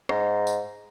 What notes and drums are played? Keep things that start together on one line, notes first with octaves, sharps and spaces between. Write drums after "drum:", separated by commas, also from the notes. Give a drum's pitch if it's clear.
G#2, drum: rim click
drum: tambourine